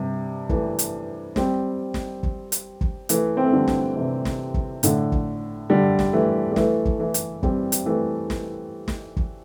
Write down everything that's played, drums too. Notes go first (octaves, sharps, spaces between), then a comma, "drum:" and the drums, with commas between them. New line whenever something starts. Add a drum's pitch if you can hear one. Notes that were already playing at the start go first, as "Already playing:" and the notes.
Already playing: G2 C3
E3 A3, drum: kick
drum: hi-hat
G3 C4, drum: snare
drum: snare
drum: kick
drum: hi-hat
drum: kick
E3 A3, drum: hi-hat
C4
A3
D3 G3
drum: snare
C3 E3
drum: snare
drum: kick
A2 D3, drum: hi-hat
drum: kick
D3 G3
drum: snare
E3 A3
G3
E3 A3, drum: snare
drum: kick
E3 A3
drum: hi-hat
G3 C4, drum: kick
drum: hi-hat
E3 A3
drum: snare
drum: snare
drum: kick